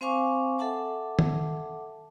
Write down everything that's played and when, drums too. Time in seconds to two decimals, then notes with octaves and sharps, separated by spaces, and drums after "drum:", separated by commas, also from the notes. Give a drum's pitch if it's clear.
0.01 C4 C5 F5 G#5 C#6 D6
0.58 A4 E5 F#5 A5 D6
1.19 drum: tom D#3